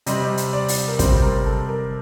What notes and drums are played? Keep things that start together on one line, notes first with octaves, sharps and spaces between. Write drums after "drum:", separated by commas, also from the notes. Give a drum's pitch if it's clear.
C3 G3 C4 D#5, drum: hi-hat
drum: hi-hat
D5
drum: open hi-hat
A#4
C3 G3 C4 C5, drum: kick, hi-hat
A#4
A4
A#4